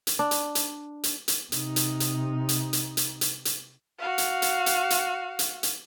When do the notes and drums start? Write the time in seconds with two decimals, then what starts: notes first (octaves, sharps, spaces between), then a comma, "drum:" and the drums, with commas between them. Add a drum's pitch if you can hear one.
0.07 drum: hi-hat
0.19 D4
0.31 drum: hi-hat
0.55 drum: hi-hat
1.04 drum: hi-hat
1.28 drum: hi-hat
1.52 C3 D#4, drum: hi-hat
1.76 drum: hi-hat
2.00 drum: hi-hat
2.49 drum: hi-hat
2.73 drum: hi-hat
2.97 drum: hi-hat
3.21 drum: hi-hat
3.45 drum: hi-hat
3.98 F#4 F5
4.18 drum: hi-hat
4.42 drum: hi-hat
4.66 drum: hi-hat
4.90 drum: hi-hat
5.39 drum: hi-hat
5.63 drum: hi-hat